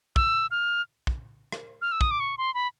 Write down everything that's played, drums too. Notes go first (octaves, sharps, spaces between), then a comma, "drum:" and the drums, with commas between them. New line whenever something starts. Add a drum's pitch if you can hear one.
E6, drum: kick
F6
drum: kick
drum: rim click
F6
E6
D#6, drum: kick
D6
C#6
C6
B5